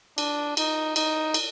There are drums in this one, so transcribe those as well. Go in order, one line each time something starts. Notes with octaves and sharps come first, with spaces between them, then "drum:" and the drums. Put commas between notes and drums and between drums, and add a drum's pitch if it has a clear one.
D4, drum: cymbal
D#4, drum: cymbal
D#4, drum: cymbal
drum: cymbal